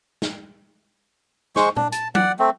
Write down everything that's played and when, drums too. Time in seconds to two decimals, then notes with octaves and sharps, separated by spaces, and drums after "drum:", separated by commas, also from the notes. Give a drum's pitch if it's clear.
0.22 drum: snare
1.56 G#3 C5 C#6, drum: snare
1.77 D4, drum: tom A#2
1.92 A5, drum: hi-hat
2.15 D5 F#5, drum: tom F#3
2.39 A3 C4